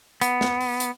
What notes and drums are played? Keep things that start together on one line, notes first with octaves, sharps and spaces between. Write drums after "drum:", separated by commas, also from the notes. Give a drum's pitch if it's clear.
B3, drum: hi-hat
drum: snare
drum: open hi-hat
drum: hi-hat